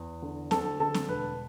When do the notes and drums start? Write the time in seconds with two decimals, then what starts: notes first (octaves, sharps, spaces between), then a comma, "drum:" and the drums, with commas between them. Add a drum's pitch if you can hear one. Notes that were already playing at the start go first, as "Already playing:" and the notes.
Already playing: E2
0.22 D3
0.51 D2 A4 A5, drum: snare C4
0.80 D3 A4 A5
0.94 drum: snare C4
1.09 E1 B4